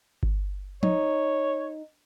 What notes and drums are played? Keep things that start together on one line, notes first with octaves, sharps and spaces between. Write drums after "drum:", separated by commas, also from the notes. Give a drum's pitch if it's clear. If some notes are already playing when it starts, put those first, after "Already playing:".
drum: kick G1
D#4 C#5, drum: tom F3